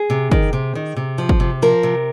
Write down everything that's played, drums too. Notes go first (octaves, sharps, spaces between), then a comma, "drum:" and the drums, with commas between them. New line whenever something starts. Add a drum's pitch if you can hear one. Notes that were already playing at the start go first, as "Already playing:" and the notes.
Already playing: G#4
C3
D#3, drum: kick
C3
D#3
C3
F3
drum: kick
C3
F3 A#4
C3